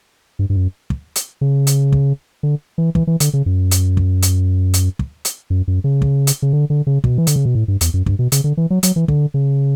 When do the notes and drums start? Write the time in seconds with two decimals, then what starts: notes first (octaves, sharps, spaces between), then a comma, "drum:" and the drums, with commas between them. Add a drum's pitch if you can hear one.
0.39 G2
0.50 G2
0.56 F#2
0.90 drum: kick
1.16 drum: hi-hat
1.41 C#3
1.67 drum: hi-hat
1.92 drum: kick
2.43 D3
2.78 E3
2.95 E3, drum: kick
3.07 E3
3.20 D3, drum: hi-hat
3.33 C#3
3.46 F#2
3.71 drum: hi-hat
3.97 drum: kick
4.23 drum: hi-hat
4.74 drum: hi-hat
4.99 drum: kick
5.25 drum: hi-hat
5.50 F#2
5.68 F#2
5.84 C#3
6.02 drum: kick
6.27 drum: hi-hat
6.42 C#3
6.53 D3
6.70 D3
6.87 C#3
7.04 B2, drum: kick
7.18 E3
7.27 D3, drum: hi-hat
7.36 C#3
7.46 B2
7.55 A2
7.68 G2
7.81 E2, drum: hi-hat
7.94 F#2
8.06 G2, drum: kick
8.19 B2
8.32 C#3, drum: hi-hat
8.44 D3
8.57 E3
8.70 F#3
8.83 F#3, drum: hi-hat
8.96 E3
9.08 D3, drum: kick
9.34 C#3